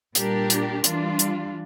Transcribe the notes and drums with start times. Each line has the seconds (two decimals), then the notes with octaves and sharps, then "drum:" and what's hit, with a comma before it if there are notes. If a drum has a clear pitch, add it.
0.15 A#2 G3 D4 G4 A#4, drum: hi-hat
0.50 drum: hi-hat
0.84 E3 G3 D4 F4, drum: hi-hat
1.19 drum: hi-hat